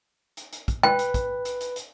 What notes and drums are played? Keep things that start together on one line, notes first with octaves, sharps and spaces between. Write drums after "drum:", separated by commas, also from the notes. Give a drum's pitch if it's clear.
drum: hi-hat
drum: hi-hat
drum: kick, hi-hat
B4 G5, drum: tom G#3
drum: hi-hat
drum: kick, hi-hat
drum: hi-hat
drum: hi-hat
drum: hi-hat